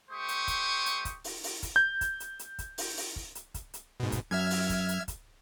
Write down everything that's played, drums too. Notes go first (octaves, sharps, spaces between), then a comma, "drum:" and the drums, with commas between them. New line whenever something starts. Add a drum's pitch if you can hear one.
A3 G4 C5 C#6 D#6
drum: hi-hat
drum: kick, hi-hat
drum: hi-hat
drum: kick, hi-hat
drum: open hi-hat
drum: open hi-hat
drum: kick, hi-hat
G6
drum: kick, hi-hat
drum: hi-hat
drum: hi-hat
drum: kick, hi-hat
drum: open hi-hat
drum: open hi-hat
drum: kick
drum: hi-hat
drum: kick, hi-hat
drum: hi-hat
G#2 B2
drum: kick, hi-hat
F#2 E5 F6 G#6
drum: open hi-hat
drum: kick, hi-hat
drum: hi-hat
drum: kick, hi-hat